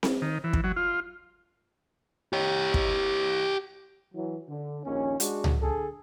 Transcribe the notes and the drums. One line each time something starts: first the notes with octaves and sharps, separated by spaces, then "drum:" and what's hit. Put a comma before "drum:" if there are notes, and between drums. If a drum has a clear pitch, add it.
drum: snare C4
D#3
E3
drum: kick
F#3
F4
G4 C#5
drum: kick
E3 F#3
D3
A#1 D#2 C#4
G#3 D4 F#4, drum: hi-hat
drum: tom C#2
D3 G#4 A4